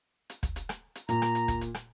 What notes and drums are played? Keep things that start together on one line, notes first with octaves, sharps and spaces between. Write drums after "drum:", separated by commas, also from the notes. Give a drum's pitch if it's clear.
drum: hi-hat
drum: kick, hi-hat
drum: hi-hat
drum: rim click
drum: hi-hat
A#2 A#5, drum: hi-hat
drum: rim click
drum: hi-hat
drum: kick, hi-hat
drum: hi-hat
drum: rim click